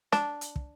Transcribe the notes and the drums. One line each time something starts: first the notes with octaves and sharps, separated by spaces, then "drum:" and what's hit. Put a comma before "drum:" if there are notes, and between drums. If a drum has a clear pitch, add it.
D4, drum: snare
drum: hi-hat
drum: kick